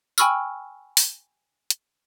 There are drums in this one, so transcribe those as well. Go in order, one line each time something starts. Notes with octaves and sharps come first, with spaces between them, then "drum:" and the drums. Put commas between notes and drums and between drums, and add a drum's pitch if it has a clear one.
G5 G#5 B5 C#6 E6 F6, drum: tambourine
drum: open hi-hat
drum: hi-hat